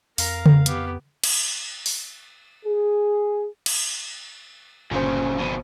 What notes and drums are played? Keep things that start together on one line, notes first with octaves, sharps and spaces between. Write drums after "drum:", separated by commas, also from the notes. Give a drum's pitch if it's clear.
F2 A#4 F5 A#5, drum: open hi-hat
drum: tom C#3
B3 G4, drum: hi-hat
drum: cymbal
drum: open hi-hat
G#4
drum: cymbal
G1 A#2 C#3 C5
F2 B2